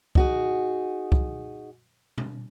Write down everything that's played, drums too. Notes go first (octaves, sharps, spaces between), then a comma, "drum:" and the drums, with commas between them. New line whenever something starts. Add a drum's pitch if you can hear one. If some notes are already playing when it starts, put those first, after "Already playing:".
D#4 F#4 G#4, drum: kick C2
drum: kick C2
drum: tom B2